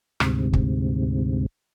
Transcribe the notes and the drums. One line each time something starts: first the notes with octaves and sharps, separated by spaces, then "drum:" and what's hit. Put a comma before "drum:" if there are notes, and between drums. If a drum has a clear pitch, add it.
D2 G#2 C3, drum: rim click
drum: kick